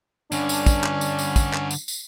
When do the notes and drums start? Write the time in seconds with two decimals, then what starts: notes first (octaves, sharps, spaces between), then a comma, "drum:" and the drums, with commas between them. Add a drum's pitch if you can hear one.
0.32 G2 D3 C#4 D4, drum: tambourine
0.49 drum: tambourine
0.66 drum: kick, tambourine
0.84 drum: clap
1.01 drum: tambourine
1.19 drum: tambourine
1.36 drum: kick, tambourine
1.53 drum: clap
1.71 drum: tambourine
1.88 drum: tambourine